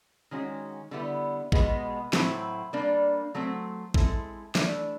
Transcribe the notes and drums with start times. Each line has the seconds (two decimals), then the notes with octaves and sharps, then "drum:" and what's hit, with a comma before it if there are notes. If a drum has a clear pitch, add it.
0.31 D#3 G#3 C#4 F#4
0.91 D3 G3 B3 E4
1.52 B2 G#3 B3, drum: kick A1
2.13 A2 F#3 A3 C4 E4, drum: snare
2.73 G3 A#3 D4
3.35 F#3 A3 C4
3.94 G#3 C4 E4 A4, drum: kick A1
4.55 E3 A3 D4, drum: snare